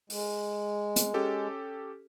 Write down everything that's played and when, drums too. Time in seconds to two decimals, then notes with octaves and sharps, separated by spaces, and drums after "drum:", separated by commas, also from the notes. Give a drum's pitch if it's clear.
0.10 G#3, drum: open hi-hat
0.96 drum: hi-hat
1.14 C#4 G4 A4